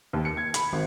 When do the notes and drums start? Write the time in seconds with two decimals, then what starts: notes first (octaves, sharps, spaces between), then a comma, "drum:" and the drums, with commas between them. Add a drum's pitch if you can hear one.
0.13 D#2
0.25 C#7
0.37 G#6
0.54 B5, drum: hi-hat
0.73 G#1